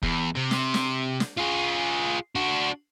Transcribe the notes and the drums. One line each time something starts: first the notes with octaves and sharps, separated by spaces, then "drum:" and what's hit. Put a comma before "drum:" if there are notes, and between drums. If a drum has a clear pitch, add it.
E2, drum: kick
C3
drum: snare
drum: snare
drum: snare
F4 G#4
D4 F#4